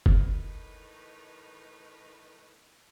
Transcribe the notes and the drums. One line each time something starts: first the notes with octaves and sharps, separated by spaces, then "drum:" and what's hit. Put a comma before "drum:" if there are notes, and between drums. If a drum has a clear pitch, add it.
A2 E3 D#4 A#4 B4, drum: kick